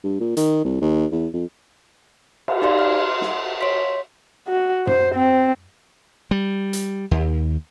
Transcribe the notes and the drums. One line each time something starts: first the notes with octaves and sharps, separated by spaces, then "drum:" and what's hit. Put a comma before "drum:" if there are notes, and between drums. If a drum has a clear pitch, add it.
G2
A#2
D#3, drum: hi-hat
C2
D#2
E2
F2
drum: cymbal
D#4 G4 D5 F5 C6
F6
C6
drum: snare
C#5 C6 B6
F#4
C5, drum: tom F#2
C4
G3
drum: hi-hat
D#2